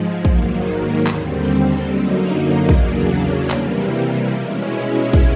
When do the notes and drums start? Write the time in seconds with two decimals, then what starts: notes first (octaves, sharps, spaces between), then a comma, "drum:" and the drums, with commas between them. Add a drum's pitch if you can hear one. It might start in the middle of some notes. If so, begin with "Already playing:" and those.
Already playing: G#2 F3 G#3
0.25 G#2 D#3 F#3 A#3, drum: kick
1.07 D#2 D3 G3 C4, drum: clap
1.87 F#2 D3 F#3 A#3 D#4
2.69 E2 C#3 F#3 A#3 D4, drum: kick
3.50 C3 E3 G3 A#3, drum: clap
4.32 B2 G#3 C#4 E4
5.13 drum: kick